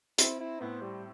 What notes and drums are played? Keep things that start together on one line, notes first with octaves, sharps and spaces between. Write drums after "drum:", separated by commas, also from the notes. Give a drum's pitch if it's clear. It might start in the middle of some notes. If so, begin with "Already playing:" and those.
C4 E4, drum: hi-hat
E4
A2 B3
G3